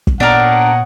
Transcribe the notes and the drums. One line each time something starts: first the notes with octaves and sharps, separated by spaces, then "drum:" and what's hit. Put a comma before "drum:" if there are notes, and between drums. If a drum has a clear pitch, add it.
drum: kick
A#2 B3 D4 A#4 C#5 D#5 F#5